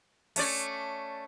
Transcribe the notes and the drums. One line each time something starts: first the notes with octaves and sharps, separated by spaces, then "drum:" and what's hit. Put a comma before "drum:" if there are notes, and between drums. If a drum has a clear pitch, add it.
A3 C#4 D5, drum: open hi-hat